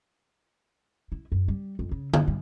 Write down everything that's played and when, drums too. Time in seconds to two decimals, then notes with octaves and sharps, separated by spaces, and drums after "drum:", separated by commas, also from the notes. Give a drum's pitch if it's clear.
1.12 E4
1.32 F#2
1.48 G3
1.79 F2
1.91 C#3
2.13 G2, drum: tom D3
2.27 G2